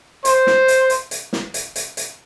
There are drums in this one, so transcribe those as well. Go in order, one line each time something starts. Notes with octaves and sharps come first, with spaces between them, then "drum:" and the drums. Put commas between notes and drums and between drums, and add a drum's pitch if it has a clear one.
C5, drum: hi-hat
drum: snare
drum: hi-hat
drum: hi-hat
drum: hi-hat
drum: snare
drum: hi-hat
drum: hi-hat
drum: hi-hat